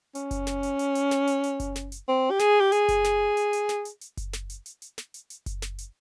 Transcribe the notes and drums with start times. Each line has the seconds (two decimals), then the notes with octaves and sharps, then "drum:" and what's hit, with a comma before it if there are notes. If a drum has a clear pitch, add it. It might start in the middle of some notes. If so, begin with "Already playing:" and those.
0.15 C#4, drum: hi-hat
0.31 drum: kick F#1, hi-hat
0.47 drum: snare
0.63 drum: hi-hat
0.79 drum: hi-hat
0.95 drum: hi-hat
1.11 drum: snare
1.27 drum: hi-hat
1.44 drum: hi-hat
1.60 drum: kick F#1, hi-hat
1.76 drum: snare
1.92 drum: hi-hat
2.08 C4
2.30 G4
2.40 G#4, drum: snare
2.60 G4
2.72 G#4, drum: hi-hat
2.89 drum: kick F#1, hi-hat
3.05 drum: snare
3.37 drum: hi-hat
3.53 drum: hi-hat
3.69 drum: snare
3.85 drum: hi-hat
4.01 drum: hi-hat
4.17 drum: kick F#1, hi-hat
4.33 drum: snare
4.50 drum: hi-hat
4.66 drum: hi-hat
4.82 drum: hi-hat
4.98 drum: snare
5.14 drum: hi-hat
5.30 drum: hi-hat
5.46 drum: kick F#1, hi-hat
5.62 drum: snare
5.78 drum: hi-hat